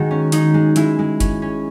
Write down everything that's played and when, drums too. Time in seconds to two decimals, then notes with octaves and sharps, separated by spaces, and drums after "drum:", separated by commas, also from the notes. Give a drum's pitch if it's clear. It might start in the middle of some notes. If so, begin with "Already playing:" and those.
Already playing: D#3 G#3 D#4 F#4 G#4
0.11 C#4
0.32 C#4 D#4, drum: hi-hat
0.54 G#3
0.76 G#3 E4, drum: hi-hat
0.99 G#3
1.20 C#4, drum: kick F#1, hi-hat
1.42 C#4